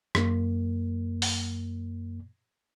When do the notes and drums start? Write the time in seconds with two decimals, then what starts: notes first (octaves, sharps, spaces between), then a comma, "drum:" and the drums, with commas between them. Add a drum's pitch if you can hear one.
0.15 F#2 A#3, drum: rim click
1.22 drum: open hi-hat